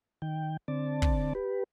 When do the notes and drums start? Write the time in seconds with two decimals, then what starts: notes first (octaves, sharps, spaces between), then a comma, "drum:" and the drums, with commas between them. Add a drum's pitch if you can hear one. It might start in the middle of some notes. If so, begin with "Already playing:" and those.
0.22 D#3 G5
0.68 D3 C4 D5 A5
1.02 drum: kick
1.35 G4 B4